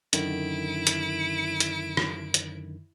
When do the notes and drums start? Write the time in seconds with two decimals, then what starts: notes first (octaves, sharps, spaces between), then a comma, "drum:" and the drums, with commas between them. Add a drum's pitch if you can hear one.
0.13 F#2 D3 D#3 E4 D7, drum: hi-hat
0.87 drum: hi-hat
1.60 drum: hi-hat
1.97 drum: rim click
2.34 drum: hi-hat